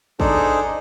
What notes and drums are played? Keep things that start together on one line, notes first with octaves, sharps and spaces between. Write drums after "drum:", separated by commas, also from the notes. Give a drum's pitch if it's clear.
D4 D#4 G#4 A4 C5, drum: kick